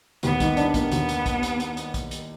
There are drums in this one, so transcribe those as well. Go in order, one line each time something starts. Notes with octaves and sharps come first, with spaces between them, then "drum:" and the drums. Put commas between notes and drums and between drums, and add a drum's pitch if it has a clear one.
D#2 B3, drum: hi-hat
D#3, drum: kick, hi-hat
D4, drum: hi-hat
A#3 B3, drum: kick, hi-hat
D#2, drum: hi-hat
drum: hi-hat
drum: kick, hi-hat
drum: hi-hat
drum: hi-hat
drum: hi-hat
drum: kick, hi-hat
drum: hi-hat